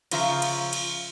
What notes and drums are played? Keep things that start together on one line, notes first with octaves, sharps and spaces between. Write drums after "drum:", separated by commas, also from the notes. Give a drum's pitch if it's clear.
C#3 F3 F4 E5 A#5, drum: cymbal
drum: cymbal
drum: cymbal